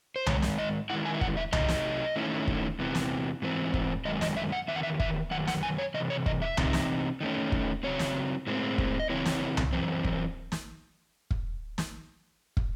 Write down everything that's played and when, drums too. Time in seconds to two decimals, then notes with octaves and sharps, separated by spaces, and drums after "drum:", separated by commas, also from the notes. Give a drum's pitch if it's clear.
0.16 C5
0.26 G#2 D#3 G#3 C#5, drum: tom C2
0.42 drum: snare
0.58 D#5
0.90 D#3 G#3 C#4 E4 F#5
1.05 G#5
1.14 E5
1.21 F#5, drum: kick
1.37 E5
1.53 C3 F#3 A3 D#4 D#5, drum: tom C2
1.69 drum: snare
2.16 D#3 A3 C#4 E4
2.47 drum: kick
2.79 E2 C3 E3
2.95 drum: snare
3.42 G#2 E3 C4
3.74 drum: kick
4.05 F#2 D#3 G#3 D#5
4.21 D#5, drum: snare
4.37 E5
4.52 F#5
4.68 E2 D#3 E5
4.76 F#5
4.83 E5
5.00 E5, drum: kick
5.31 F#2 D#3 F#5
5.47 F#5, drum: snare
5.63 G#5
5.78 C#5
5.94 C3 E3 D#5
6.10 C#5
6.26 D#5, drum: kick
6.42 E5
6.57 C3 E3 C4 D#4, drum: tom C2
6.73 drum: snare
7.21 D#3 A3 C#4
7.52 drum: kick
7.83 C#3 F#3 C4 C#5
7.99 drum: snare
8.47 A2 G#3 C4
8.78 drum: kick
8.99 D#5
9.10 C#3 E3 C4 E4 C#5
9.26 drum: snare
9.57 drum: tom C2
9.73 F#2 E3 C4
10.04 drum: kick
10.52 drum: snare
11.31 drum: kick
11.78 drum: snare
12.57 drum: kick